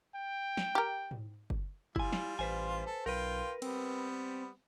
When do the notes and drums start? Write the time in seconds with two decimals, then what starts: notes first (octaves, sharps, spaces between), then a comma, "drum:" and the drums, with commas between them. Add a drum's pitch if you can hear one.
0.15 G5
0.57 drum: snare
0.75 G4 A#4
1.11 drum: tom G#2
1.50 drum: kick F#1
1.96 G3 E4 F4 G#5, drum: kick F#1
2.13 drum: snare
2.39 A1 B4 C5 G#5
2.86 A4
3.06 B1 F4 A#4 B4 G5
3.62 G3 B3 C4, drum: cymbal